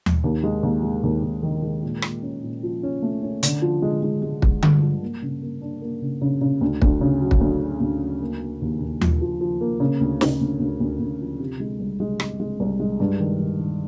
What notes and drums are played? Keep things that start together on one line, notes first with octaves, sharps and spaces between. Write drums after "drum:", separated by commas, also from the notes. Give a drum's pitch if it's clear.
drum: tom D#2
D#2
G#3
D#2
G#3
D#2
D#2
D#3
G#3
A#2
A#2, drum: rim click
C#4
A#2
F3
C#4
A3
C#4
D3, drum: hi-hat
F3
G#3
G#3
G#3
G#3, drum: kick
G2, drum: tom D3
F3
A#3
C#3
A#3
D4
A#3
C#3
C#3
C#3
D2
D2, drum: kick
C#3
F#3
drum: kick
D2
F#3
D2
F#3
A#3
A#3
D#2
D#2
F3, drum: tom D#2
F3
F3
A#3
C#3
D2
C#3, drum: snare
D2
D2
D2
D2
F3
C3
G#3
C2
G#3
G#3, drum: rim click
G#3
C2
G#3
G2
D#3
D#3
D#3